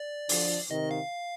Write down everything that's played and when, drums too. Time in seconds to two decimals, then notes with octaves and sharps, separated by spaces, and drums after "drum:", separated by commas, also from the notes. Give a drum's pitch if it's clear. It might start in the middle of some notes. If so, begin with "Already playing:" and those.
Already playing: D5
0.29 D3 F3, drum: open hi-hat
0.70 C3 D#3 D#5
0.91 F5